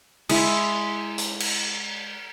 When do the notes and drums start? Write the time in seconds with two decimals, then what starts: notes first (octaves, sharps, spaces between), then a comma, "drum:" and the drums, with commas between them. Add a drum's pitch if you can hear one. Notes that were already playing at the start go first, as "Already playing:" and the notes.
0.29 G#3 E4, drum: cymbal
1.18 drum: hi-hat
1.40 drum: cymbal